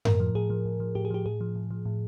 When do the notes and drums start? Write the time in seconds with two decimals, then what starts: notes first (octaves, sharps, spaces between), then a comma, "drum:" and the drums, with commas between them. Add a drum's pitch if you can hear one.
0.05 A2 A#4, drum: tom F#2
0.20 F3
0.35 A2 G#4
0.50 F3
0.65 A2
0.80 F3
0.95 A2 G4
1.05 G#4
1.10 F3 G4
1.26 A2 G#4
1.41 F3
1.56 A2
1.71 F3
1.86 A2